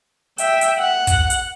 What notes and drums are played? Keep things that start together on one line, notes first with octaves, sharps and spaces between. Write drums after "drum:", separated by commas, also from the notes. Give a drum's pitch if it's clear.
E5 G5, drum: hi-hat
drum: hi-hat
F#5
drum: kick, hi-hat
drum: hi-hat